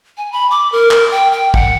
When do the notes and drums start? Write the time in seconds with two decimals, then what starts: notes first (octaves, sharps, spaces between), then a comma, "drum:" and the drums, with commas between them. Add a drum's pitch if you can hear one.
0.17 G#5
0.32 B5
0.51 D6
0.72 A#4
0.91 A#4, drum: clap
1.11 G5
1.32 G5
1.54 F#5, drum: kick